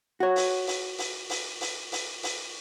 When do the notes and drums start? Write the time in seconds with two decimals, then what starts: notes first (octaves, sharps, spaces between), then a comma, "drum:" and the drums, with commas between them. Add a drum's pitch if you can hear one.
0.20 F#4 C#5
0.36 drum: open hi-hat
0.67 drum: open hi-hat
0.98 drum: open hi-hat
1.30 drum: open hi-hat
1.61 drum: open hi-hat
1.92 drum: open hi-hat
2.23 drum: open hi-hat